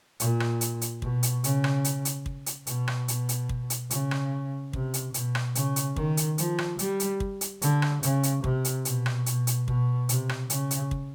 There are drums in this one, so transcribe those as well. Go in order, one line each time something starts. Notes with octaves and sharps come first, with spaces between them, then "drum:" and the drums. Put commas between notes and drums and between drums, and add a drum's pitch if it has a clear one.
A#2, drum: hi-hat
drum: rim click
drum: hi-hat
drum: hi-hat
B2, drum: kick
drum: hi-hat
C#3, drum: hi-hat
drum: rim click
drum: hi-hat
drum: hi-hat
drum: kick
drum: hi-hat
B2, drum: hi-hat
drum: rim click
B2, drum: hi-hat
drum: hi-hat
drum: kick
drum: hi-hat
C#3, drum: hi-hat
drum: rim click
C3, drum: kick
drum: hi-hat
B2, drum: hi-hat
drum: rim click
C#3, drum: hi-hat
drum: hi-hat
D#3, drum: kick
drum: hi-hat
F3, drum: hi-hat
drum: rim click
G3, drum: hi-hat
drum: hi-hat
drum: kick
drum: hi-hat
D3, drum: hi-hat
drum: rim click
C#3, drum: hi-hat
drum: hi-hat
C3, drum: kick
drum: hi-hat
B2, drum: hi-hat
drum: rim click
B2, drum: hi-hat
drum: hi-hat
B2, drum: kick
C3, drum: hi-hat
drum: rim click
C#3, drum: hi-hat
drum: hi-hat
drum: kick